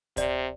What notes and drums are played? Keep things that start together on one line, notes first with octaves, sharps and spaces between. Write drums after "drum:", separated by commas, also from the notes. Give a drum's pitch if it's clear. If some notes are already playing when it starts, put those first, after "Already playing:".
C3 D5, drum: kick D2, hi-hat